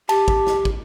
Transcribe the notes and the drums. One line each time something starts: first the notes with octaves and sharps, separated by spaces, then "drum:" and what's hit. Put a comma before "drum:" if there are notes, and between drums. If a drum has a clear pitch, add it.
G4 A5, drum: cymbal
drum: kick
drum: snare
drum: kick